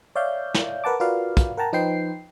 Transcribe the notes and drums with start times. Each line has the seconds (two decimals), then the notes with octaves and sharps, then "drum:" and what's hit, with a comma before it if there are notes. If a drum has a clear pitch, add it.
0.15 C#5 D5 E5 F5 G6
0.54 drum: snare
0.84 A#4 B4 F#5 A5 D6
1.00 F4 F#4 A#4 B4 D5 F5
1.37 drum: kick, hi-hat
1.57 A#4 F#5 G5 A5 A#5
1.73 F3 D#4 B4 C5 G5 C7